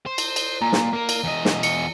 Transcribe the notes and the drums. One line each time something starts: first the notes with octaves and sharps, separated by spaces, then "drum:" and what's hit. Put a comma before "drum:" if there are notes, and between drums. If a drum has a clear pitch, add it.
C5
drum: cymbal
drum: cymbal
A#2 A#5
drum: snare
A#3 A#4
drum: cymbal
E2 D#5
drum: snare
C#7, drum: cymbal